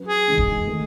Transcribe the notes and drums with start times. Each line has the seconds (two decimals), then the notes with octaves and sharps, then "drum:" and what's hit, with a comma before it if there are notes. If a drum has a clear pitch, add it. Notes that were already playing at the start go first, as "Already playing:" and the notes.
Already playing: F#3 C#4 F#4 B4
0.08 G#4
0.28 C#3 E3 G#3 D#4
0.38 drum: kick D1
0.67 D#3 A3